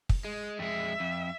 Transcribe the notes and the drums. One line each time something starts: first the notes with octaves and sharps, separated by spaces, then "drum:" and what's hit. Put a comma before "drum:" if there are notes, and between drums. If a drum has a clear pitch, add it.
drum: kick
G#3
F2 G#3 E5
F2